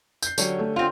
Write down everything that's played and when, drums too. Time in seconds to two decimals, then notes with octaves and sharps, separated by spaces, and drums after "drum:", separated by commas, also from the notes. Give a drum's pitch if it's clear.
0.22 G6 C7, drum: tambourine
0.38 D3 F#3 C#4 G4 C#5 C7, drum: tambourine
0.59 A3
0.76 C4 F4 F#5